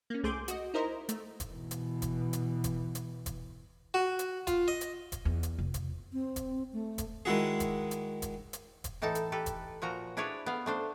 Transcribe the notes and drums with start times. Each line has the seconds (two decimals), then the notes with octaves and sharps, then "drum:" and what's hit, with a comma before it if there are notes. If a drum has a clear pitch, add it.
0.10 A#3 C#4
0.23 C2 A3 G#4 C6 D6 G6
0.48 F#4 D#5, drum: hi-hat
0.74 D#4 E4 A#4 C5 D#5 A#5
1.09 A3, drum: hi-hat
1.40 drum: kick E1, hi-hat
1.51 B2 E3
1.71 drum: hi-hat
2.02 drum: kick E1, hi-hat
2.33 drum: hi-hat
2.64 drum: kick E1, hi-hat
2.95 drum: hi-hat
3.26 drum: kick E1, hi-hat
3.94 F#4
4.19 drum: hi-hat
4.47 F4, drum: kick E1, hi-hat
4.68 D#5
4.81 drum: hi-hat
5.12 drum: kick E1, hi-hat
5.25 E2
5.43 drum: hi-hat
5.58 F1
5.74 drum: kick E1, hi-hat
6.13 C4
6.36 drum: kick E1, hi-hat
6.73 A3
6.98 drum: kick E1, hi-hat
7.25 D#3 G#3 E4 F#4 G#4
7.60 drum: kick E1, hi-hat
7.91 drum: hi-hat
8.22 drum: kick E1, hi-hat
8.53 drum: hi-hat
8.84 drum: kick E1, hi-hat
9.02 A2 E3 D#4 A4 A5
9.15 drum: hi-hat
9.32 G4 A4 B4
9.46 drum: kick E1, hi-hat
9.82 A#2 F3 F#4 A#5
10.17 D4 E4 G#4 B4 C#5 D5
10.46 B3 F5
10.66 A3 D4 C5